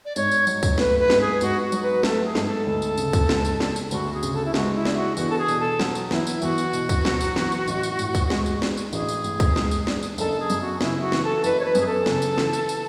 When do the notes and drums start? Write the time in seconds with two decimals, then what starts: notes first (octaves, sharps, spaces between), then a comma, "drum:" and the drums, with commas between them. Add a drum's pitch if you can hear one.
0.05 D5
0.16 G#2 C#5, drum: tambourine
0.31 drum: tambourine
0.47 F#3, drum: tambourine
0.63 drum: kick, tambourine
0.78 A3 B4, drum: snare
0.99 B4
1.10 G#2, drum: snare
1.20 G#4
1.41 G#2 F#4, drum: tambourine
1.61 F#4
1.72 F#3, drum: tambourine
1.82 B4
2.03 A3 A4, drum: snare
2.24 G#4
2.35 G#2, drum: snare
2.46 A4
2.67 D2 A4
2.82 drum: tambourine
2.98 C#3, drum: tambourine
3.13 drum: kick, tambourine
3.29 G#3, drum: snare
3.45 drum: tambourine
3.60 D4, drum: snare
3.76 drum: tambourine
3.91 D2 F#4, drum: tambourine
4.13 G#4
4.23 C#3, drum: tambourine
4.33 A4
4.45 E4
4.54 G#3 F#4, drum: snare
4.75 E4
4.85 D4, drum: snare
4.96 F#4
5.17 E2 F#4, drum: tambourine
5.29 A4
5.38 G#4
5.48 B2, drum: tambourine
5.59 A4
5.79 F#3, drum: snare
5.95 drum: tambourine
6.11 E2 E4, drum: snare
6.27 drum: tambourine
6.42 E2 F#4, drum: tambourine
6.58 drum: tambourine
6.73 B2, drum: tambourine
6.89 drum: kick, tambourine
7.05 F#3, drum: snare
7.21 drum: tambourine
7.36 E2, drum: snare
7.52 drum: tambourine
7.68 A1, drum: tambourine
7.83 drum: tambourine
7.99 A2, drum: tambourine
8.15 drum: kick, tambourine
8.30 G#3, drum: snare
8.46 drum: tambourine
8.62 D4, drum: snare
8.77 drum: tambourine
8.93 A1 G#4, drum: tambourine
9.09 drum: tambourine
9.24 A2, drum: tambourine
9.40 drum: kick, tambourine
9.56 G#3, drum: snare
9.71 drum: tambourine
9.87 D4, drum: snare
10.03 drum: tambourine
10.18 F#1 A4, drum: tambourine
10.39 G#4
10.50 F#2, drum: tambourine
10.61 F#4
10.81 C#3 E4, drum: snare
11.01 F#4
11.12 E3, drum: snare
11.23 A4
11.44 F#1 B4, drum: tambourine
11.59 C#5
11.64 B4
11.75 F#2, drum: tambourine
11.80 G#4
11.86 A4
12.06 C#3, drum: snare
12.22 drum: tambourine
12.38 E3, drum: snare
12.53 drum: tambourine
12.69 drum: tambourine